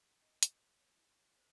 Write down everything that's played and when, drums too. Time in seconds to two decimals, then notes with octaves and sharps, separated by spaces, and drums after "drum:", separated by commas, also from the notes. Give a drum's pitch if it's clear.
0.22 D#5
0.43 C#5, drum: hi-hat
0.62 F5
0.81 C#5
0.95 E4
1.20 C#5
1.37 C5